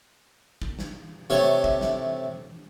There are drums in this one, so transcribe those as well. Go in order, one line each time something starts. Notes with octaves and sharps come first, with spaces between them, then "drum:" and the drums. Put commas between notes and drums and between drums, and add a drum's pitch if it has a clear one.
drum: kick
drum: snare
C3 A3 C#5
drum: kick
drum: snare